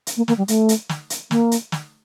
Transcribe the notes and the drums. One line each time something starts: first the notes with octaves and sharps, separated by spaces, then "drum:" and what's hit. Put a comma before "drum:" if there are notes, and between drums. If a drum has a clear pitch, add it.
drum: hi-hat
A#3
A#3, drum: snare
G3
A3, drum: hi-hat
drum: hi-hat
drum: snare
drum: hi-hat
A#3, drum: snare
drum: hi-hat
drum: snare